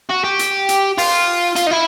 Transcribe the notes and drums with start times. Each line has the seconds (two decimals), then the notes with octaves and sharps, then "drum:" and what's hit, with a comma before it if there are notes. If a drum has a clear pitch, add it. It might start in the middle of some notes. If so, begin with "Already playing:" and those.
0.09 F#4
0.24 G4
0.39 drum: hi-hat
0.69 drum: hi-hat
0.98 F4, drum: open hi-hat
1.56 F4, drum: hi-hat
1.67 D#4
1.71 E4